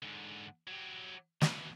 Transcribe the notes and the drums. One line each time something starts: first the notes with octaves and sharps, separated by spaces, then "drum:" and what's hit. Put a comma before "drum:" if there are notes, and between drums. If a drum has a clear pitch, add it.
G#2 D3
F#3 G4
B2 E3, drum: snare